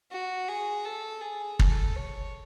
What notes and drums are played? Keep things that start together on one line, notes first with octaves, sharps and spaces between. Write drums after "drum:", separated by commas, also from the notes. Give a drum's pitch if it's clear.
F#4
G#4
A4
G#4
A4, drum: kick
C#5